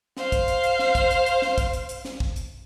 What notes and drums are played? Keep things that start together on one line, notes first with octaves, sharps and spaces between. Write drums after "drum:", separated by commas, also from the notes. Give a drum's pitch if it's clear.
C5 F5, drum: snare
drum: kick, hi-hat
drum: hi-hat
drum: hi-hat
drum: snare
drum: kick, hi-hat
drum: hi-hat
drum: hi-hat
drum: snare
drum: kick, hi-hat
drum: hi-hat
drum: hi-hat
drum: snare
drum: kick
drum: hi-hat